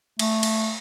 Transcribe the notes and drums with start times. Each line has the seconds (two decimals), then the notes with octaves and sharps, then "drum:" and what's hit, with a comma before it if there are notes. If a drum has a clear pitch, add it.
0.19 A3, drum: cymbal
0.43 drum: cymbal